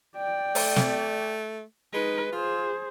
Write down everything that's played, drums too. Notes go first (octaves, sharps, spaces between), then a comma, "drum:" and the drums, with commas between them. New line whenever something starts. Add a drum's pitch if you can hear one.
D5 G5
A3, drum: open hi-hat
drum: snare
G#3 D#4 B4
F4 G#4 C5